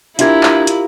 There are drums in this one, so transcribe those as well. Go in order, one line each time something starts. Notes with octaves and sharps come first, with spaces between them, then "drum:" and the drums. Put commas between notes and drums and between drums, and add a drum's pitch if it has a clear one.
D4 E4 F4 G4 A#4 E5 G#6, drum: hi-hat
drum: clap
drum: hi-hat